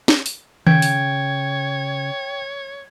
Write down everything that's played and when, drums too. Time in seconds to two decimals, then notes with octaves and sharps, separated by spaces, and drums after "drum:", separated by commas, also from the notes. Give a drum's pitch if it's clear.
0.08 drum: snare
0.26 drum: open hi-hat
0.67 C#3 C#5 G5 G#6, drum: tom D#3
0.82 drum: open hi-hat